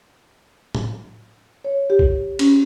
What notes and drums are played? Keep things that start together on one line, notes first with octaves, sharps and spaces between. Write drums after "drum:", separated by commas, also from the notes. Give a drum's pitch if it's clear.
drum: tom A2
C#5
G4
drum: kick A1
C#4, drum: cymbal